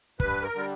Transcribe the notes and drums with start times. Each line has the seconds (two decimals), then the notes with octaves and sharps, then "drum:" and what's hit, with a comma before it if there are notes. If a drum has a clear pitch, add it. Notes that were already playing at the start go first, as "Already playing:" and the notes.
0.20 G2 B4, drum: kick
0.42 A#4
0.54 D3 G3